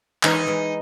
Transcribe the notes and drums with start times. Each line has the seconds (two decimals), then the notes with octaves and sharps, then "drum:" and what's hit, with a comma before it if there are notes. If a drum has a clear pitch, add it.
0.23 E3 G#3 D#4, drum: clap
0.47 E3 G#3